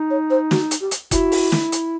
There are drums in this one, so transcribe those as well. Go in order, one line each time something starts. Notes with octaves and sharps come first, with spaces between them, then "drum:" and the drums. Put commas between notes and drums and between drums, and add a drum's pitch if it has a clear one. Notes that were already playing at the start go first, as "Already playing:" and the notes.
Already playing: D#4
C#5
C5
F#4, drum: snare
drum: hi-hat
G4
drum: hi-hat
E4 F#4, drum: kick F#1, hi-hat
drum: open hi-hat
drum: snare
drum: hi-hat